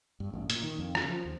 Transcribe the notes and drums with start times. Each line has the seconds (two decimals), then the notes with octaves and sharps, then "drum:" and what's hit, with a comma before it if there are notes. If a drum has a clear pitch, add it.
0.20 G2
0.33 A1
0.50 A#2, drum: hi-hat
0.63 D#3
0.79 F2
0.95 C#3, drum: rim click
1.10 F3
1.25 D#2